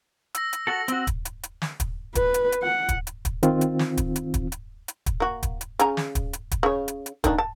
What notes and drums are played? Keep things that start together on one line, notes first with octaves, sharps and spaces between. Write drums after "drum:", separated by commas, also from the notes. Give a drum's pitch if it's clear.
E6 A#6, drum: hi-hat
drum: hi-hat
F#4 A4 F#7
C4 F#4, drum: hi-hat
drum: kick, hi-hat
drum: hi-hat
drum: hi-hat
drum: snare
drum: kick, hi-hat
B4, drum: kick, hi-hat
drum: hi-hat
drum: hi-hat
F#5
drum: kick, hi-hat
drum: hi-hat
drum: kick, hi-hat
D#3 C4 F4, drum: hi-hat
drum: hi-hat
drum: snare
drum: kick, hi-hat
drum: hi-hat
drum: kick, hi-hat
drum: hi-hat
drum: hi-hat
drum: kick, hi-hat
A#3 F#4
drum: kick, hi-hat
drum: hi-hat
C#3 G#5 A#5, drum: hi-hat
drum: snare
drum: kick, hi-hat
drum: hi-hat
drum: kick, hi-hat
C#3 C#5
drum: hi-hat
drum: hi-hat
D#3 A#3 D4, drum: kick, hi-hat
A5